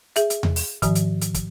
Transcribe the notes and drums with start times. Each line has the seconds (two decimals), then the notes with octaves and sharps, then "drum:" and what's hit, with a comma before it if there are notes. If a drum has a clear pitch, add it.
0.16 G#4 E5, drum: hi-hat
0.30 drum: hi-hat
0.43 drum: tom E2
0.56 drum: open hi-hat
0.82 G#2 D#3 F3, drum: kick, hi-hat
0.95 drum: hi-hat
1.21 drum: hi-hat
1.34 drum: kick, hi-hat